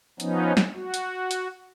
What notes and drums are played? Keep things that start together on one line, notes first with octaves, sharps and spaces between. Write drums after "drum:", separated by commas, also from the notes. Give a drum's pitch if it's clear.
F3 B3 C#4 D#4, drum: hi-hat
drum: snare
F#4
drum: hi-hat
drum: hi-hat